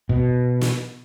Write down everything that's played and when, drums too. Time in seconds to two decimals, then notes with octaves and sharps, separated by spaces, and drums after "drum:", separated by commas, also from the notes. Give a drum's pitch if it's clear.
0.09 B2, drum: kick
0.61 drum: snare